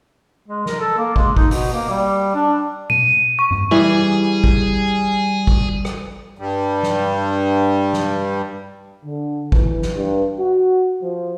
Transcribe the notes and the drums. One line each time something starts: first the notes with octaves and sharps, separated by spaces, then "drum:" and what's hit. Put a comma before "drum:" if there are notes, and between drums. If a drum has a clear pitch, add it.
G#3
A#4, drum: snare
A4
A#3
G#3, drum: kick
D#4, drum: kick
B2, drum: open hi-hat
A#3
G3
D4
D#7, drum: tom B2
C#6
drum: tom
E3 G3 G#4
drum: kick
drum: kick
drum: rim click
G2 G3
drum: snare
drum: snare
D3
E3, drum: kick
drum: snare
G2
F#4
F3